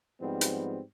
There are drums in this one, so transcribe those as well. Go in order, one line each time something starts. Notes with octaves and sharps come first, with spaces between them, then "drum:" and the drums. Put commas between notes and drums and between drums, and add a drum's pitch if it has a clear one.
G#2 F3 G3 B3 C4
drum: hi-hat